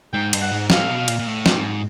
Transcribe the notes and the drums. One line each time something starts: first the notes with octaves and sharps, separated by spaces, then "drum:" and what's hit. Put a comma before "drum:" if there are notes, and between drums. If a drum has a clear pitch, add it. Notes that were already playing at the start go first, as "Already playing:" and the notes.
G#2 G5
G2, drum: cymbal
F#5
G#2
A2 F5, drum: snare
B2
A#2, drum: cymbal
A#2
A2
drum: snare
G#2